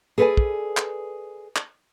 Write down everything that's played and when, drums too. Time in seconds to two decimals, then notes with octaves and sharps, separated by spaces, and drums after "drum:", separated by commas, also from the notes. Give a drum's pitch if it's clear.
0.18 G#4 A4 B4 C5 D5 G#5
0.37 drum: kick
0.77 drum: clap
1.56 drum: clap